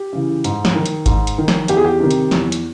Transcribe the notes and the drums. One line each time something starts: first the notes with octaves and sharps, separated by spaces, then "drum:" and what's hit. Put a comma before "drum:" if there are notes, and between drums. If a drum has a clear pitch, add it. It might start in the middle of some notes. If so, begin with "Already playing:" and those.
Already playing: G4
C#3 E3
G#2, drum: hi-hat
drum: snare
D#3
drum: hi-hat
G#2, drum: kick G1, hi-hat
drum: hi-hat
D#3
drum: snare
E2 G4, drum: hi-hat
G#4
G4
C3 D#3
drum: hi-hat
E2, drum: snare
drum: hi-hat